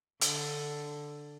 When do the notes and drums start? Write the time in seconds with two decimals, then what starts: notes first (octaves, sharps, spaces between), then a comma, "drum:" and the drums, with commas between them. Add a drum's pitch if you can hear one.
0.21 D3, drum: hi-hat